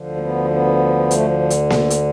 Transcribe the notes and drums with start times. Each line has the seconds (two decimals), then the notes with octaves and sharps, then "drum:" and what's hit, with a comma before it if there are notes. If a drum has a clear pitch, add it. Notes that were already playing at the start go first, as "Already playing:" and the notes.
Already playing: D2 D3 F3
0.16 A#3
0.21 B3
0.51 B3
1.11 A3, drum: hi-hat
1.50 drum: hi-hat
1.70 drum: snare A#3
1.90 drum: hi-hat